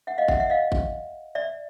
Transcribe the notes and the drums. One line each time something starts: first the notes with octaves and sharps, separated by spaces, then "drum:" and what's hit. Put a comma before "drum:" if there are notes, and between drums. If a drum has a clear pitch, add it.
E5 F#5
D#5 F5
E5 F#5, drum: kick G#1
E5 F#5
D#5 F5
drum: kick G#1
D5 E5